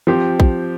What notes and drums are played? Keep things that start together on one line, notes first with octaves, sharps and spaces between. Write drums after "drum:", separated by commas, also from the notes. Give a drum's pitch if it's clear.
F3 C4 G4
drum: kick A#1